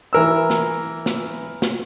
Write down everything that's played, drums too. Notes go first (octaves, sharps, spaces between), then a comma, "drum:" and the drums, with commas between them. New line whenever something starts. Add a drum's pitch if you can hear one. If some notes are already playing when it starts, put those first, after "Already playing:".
E3 A#4 E6
drum: snare
drum: snare
drum: snare